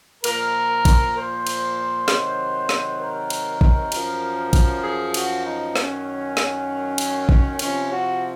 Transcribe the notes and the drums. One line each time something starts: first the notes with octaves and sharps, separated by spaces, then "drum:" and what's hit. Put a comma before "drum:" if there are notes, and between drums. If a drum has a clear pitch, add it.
A#2 F3 A#4, drum: cymbal
drum: kick G#1, cymbal
C5
drum: cymbal
C3 D#3 F#3, drum: snare
drum: snare
A#4
drum: cymbal
drum: kick G#1
F#2 F3, drum: cymbal
drum: kick G#1, cymbal
G#4
F#4, drum: cymbal
D#4
F#2 D#3 F#3 C#4, drum: snare
drum: snare
drum: cymbal
drum: kick G#1
C3 F3 C#4, drum: cymbal
F#4